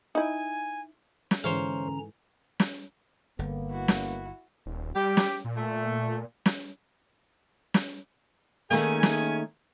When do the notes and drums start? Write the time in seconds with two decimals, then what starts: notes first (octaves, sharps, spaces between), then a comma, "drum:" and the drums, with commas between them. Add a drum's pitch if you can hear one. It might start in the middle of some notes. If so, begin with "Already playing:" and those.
0.15 D#4 E4 G#5
1.31 drum: snare
1.44 G#2 D3 E3 C#4 C5 C#5 F5 A#5
2.60 drum: snare
3.39 G1 D3 A#3 B3
3.70 E4 F#4
3.88 drum: snare
4.66 D#1
4.95 G3 G4
5.17 drum: snare
5.44 A#2
5.57 A3
6.46 drum: snare
7.74 drum: snare
8.71 D#3 A3 A#3 C#4 G#4 G#5
9.03 drum: snare